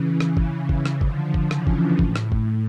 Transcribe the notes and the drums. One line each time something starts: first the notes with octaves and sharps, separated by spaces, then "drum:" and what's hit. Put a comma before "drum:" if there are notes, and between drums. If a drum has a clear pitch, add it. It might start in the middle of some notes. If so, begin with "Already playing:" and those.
Already playing: C#3 E3
drum: rim click
drum: kick
C#3 E3
drum: kick
drum: rim click
D3 F3, drum: kick
drum: kick
C#3 E3, drum: rim click
drum: kick
A2, drum: kick
drum: rim click
drum: kick